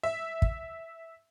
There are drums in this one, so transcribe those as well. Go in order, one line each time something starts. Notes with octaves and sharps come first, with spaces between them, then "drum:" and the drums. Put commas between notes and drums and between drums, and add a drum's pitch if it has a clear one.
E5
drum: kick